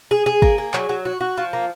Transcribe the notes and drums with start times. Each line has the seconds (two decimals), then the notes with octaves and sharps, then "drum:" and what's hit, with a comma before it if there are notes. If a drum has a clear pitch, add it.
0.11 G#4
0.26 G#4
0.42 A#3, drum: kick
0.58 G#4
0.74 F#3, drum: clap
0.89 F#3
1.05 F#4
1.21 F#4
1.38 F3
1.53 A#3